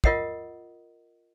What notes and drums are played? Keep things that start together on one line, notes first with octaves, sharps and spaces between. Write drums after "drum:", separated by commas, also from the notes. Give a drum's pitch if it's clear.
F4 A#4 D#5 F#5 D#6, drum: kick